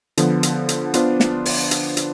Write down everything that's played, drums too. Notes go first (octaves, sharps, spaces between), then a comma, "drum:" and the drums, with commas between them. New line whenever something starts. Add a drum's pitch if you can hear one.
D3 F3 B3, drum: hi-hat
drum: hi-hat
drum: hi-hat
B3 D4 F4 C5, drum: hi-hat
drum: snare
drum: open hi-hat
drum: hi-hat
drum: hi-hat